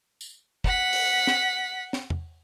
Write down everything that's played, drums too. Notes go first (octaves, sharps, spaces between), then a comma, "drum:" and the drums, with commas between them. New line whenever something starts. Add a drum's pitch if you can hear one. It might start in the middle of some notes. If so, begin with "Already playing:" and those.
drum: tambourine
F#5 B6, drum: kick
drum: open hi-hat
drum: snare
drum: snare
drum: tom E2